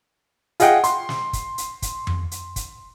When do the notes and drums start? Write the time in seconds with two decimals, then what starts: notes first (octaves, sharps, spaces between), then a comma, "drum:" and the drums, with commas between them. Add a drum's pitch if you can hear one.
0.60 F4 G#4 D#5 F#5 G5, drum: hi-hat
0.84 C6, drum: hi-hat
1.09 drum: snare
1.33 drum: kick, hi-hat
1.58 drum: hi-hat
1.82 drum: kick, hi-hat
2.07 drum: tom F2
2.31 drum: hi-hat
2.56 drum: kick, hi-hat